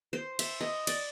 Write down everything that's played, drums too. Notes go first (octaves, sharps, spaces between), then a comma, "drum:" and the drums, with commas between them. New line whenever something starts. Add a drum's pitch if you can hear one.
C5
E5, drum: cymbal
D#5
D5, drum: cymbal